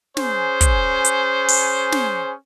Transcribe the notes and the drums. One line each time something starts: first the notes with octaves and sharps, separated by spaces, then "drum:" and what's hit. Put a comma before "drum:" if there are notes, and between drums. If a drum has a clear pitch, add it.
C#4 G#4 C5, drum: snare
drum: kick, hi-hat
drum: hi-hat
drum: open hi-hat
drum: snare